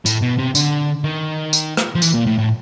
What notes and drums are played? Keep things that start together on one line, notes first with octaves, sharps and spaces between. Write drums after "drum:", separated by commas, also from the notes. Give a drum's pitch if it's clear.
A2, drum: tambourine
B2
C3
D3, drum: tambourine
D#3
drum: tambourine
drum: rim click
F3
E3, drum: tambourine
A#2
A2
A2